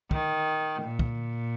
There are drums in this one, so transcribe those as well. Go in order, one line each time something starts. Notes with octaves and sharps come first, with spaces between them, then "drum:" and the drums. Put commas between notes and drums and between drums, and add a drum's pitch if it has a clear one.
D#3, drum: kick
A#2
drum: kick